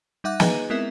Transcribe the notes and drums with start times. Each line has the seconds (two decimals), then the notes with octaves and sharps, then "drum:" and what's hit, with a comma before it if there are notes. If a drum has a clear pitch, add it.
0.24 G3 D#4 E5 F#5 D6 F#6
0.40 D#4 G#4 B4 D#5 G#5 A#5, drum: snare
0.70 G#3 B3 C4 E4 A#4 E5